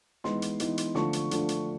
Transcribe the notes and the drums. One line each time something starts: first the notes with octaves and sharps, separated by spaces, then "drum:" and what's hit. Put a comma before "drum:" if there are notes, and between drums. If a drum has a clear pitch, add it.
E3 G#3 B3 D#4 C6, drum: snare
drum: hi-hat
E3 G#3 B3 D#4, drum: hi-hat
drum: hi-hat
D3 F3 A3 D4 F4 C#6, drum: snare
drum: hi-hat
D3 F3 A3 D4 F4, drum: hi-hat
drum: hi-hat